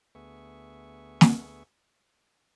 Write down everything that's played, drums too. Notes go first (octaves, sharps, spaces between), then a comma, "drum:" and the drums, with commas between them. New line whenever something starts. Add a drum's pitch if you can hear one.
D2 B3 G#4 E5 C#6
drum: snare